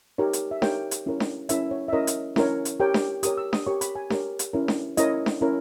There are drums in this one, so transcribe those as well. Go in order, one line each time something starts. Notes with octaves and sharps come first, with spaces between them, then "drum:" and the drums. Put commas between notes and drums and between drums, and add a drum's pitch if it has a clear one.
D#4 G4 A#4 C#5
drum: hi-hat
E5
D#4 G4 A#4 C#5 G5, drum: snare D4
drum: hi-hat
C#4 E4 A#4 C#5
drum: snare D4
C#4 E4 A#4 C#5 E5, drum: hi-hat
C#5
E5
C#4 E4 A#4 C#5 D#5
drum: hi-hat
C#4 E4 A#4 C#5, drum: snare D4
drum: hi-hat
G4 A#4 C#5 G5
drum: snare D4
G4 A#4 C#5 D#6, drum: hi-hat
E6
D#6, drum: snare D4
G4 A#4 C#5 C#6
B5, drum: hi-hat
G#5
G4 A#4 C#5, drum: snare D4
drum: hi-hat
C#4 E4 A#4 C#5
drum: snare D4
C#4 E4 A#4 C#5 D#5, drum: hi-hat
drum: snare D4
C#4 E4 A#4 C#5